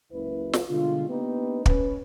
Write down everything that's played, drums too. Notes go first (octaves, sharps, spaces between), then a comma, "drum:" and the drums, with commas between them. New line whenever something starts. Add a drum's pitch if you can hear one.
F#1 C#2 E4 B4
drum: snare
B2 D3 G3 G#3 F4
A#3 B3 D4 D#4 G4 B4
C#4 B4, drum: kick